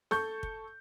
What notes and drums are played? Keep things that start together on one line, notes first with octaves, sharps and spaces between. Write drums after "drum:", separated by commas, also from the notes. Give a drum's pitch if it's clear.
A4 C#6 G6, drum: snare
drum: kick